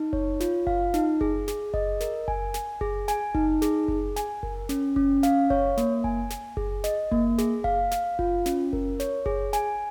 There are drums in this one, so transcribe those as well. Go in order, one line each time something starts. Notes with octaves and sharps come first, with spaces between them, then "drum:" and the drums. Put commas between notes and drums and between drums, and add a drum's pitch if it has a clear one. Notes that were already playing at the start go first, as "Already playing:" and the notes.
Already playing: D#4
C#5, drum: kick F#1
F4, drum: snare
F5, drum: kick F#1
D#4, drum: snare
G#4, drum: kick F#1
G#4, drum: snare
D#5, drum: kick F#1
A#4, drum: snare
G#5, drum: kick F#1
G#5, drum: snare
G#4, drum: kick F#1
G#5, drum: snare
D#4, drum: kick F#1
G#4, drum: snare
G#4, drum: kick F#1
G#5, drum: snare
A#4, drum: kick F#1
C#4, drum: snare
C#4, drum: kick F#1
F5, drum: snare
C#5, drum: kick F#1
A#3, drum: snare
G#5, drum: kick F#1
G#5, drum: snare
G#4, drum: kick F#1
D#5, drum: snare
A#3, drum: kick F#1
G#4, drum: snare
F5, drum: kick F#1
F5, drum: snare
F4, drum: kick F#1
C#4, drum: snare
A#4, drum: kick F#1
C#5, drum: snare
G#4, drum: kick F#1
G#5, drum: snare